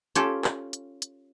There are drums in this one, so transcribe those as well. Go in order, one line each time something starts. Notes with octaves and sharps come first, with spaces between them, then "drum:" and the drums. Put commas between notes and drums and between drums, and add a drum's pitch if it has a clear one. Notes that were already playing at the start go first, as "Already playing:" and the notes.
C#4 F4 G4 A4, drum: hi-hat
drum: clap
drum: hi-hat
drum: hi-hat